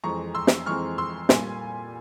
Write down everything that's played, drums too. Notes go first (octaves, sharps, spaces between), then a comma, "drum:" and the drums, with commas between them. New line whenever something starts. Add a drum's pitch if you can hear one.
F2 E3 G#3 C4 A#5 C#6
C6 E6
drum: snare
F2 E3 G#3 C4 C#6 F6
C6 E6
A#2 G3 A#3 G#5 C6, drum: snare